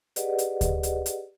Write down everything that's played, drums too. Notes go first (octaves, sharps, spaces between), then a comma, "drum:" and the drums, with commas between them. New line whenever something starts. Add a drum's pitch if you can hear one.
G4 G#4 B4 D5 D#5 F#5, drum: hi-hat
drum: hi-hat
drum: kick D2, hi-hat
drum: hi-hat
drum: hi-hat